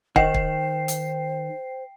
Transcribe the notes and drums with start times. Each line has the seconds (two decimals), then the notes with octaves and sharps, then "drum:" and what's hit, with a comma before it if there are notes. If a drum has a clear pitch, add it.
0.16 D#3 C5 D#5 F#5 G5 C7, drum: kick
0.34 drum: kick
0.88 drum: hi-hat